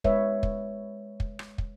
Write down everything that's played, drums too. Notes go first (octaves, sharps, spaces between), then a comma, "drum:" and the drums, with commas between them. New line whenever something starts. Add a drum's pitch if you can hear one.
G#3 B4 C#5 E5, drum: kick
drum: kick
drum: kick
drum: rim click
drum: kick